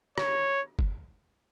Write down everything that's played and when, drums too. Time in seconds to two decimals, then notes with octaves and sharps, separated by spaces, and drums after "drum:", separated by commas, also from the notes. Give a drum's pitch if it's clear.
0.18 C#5, drum: rim click
0.79 drum: kick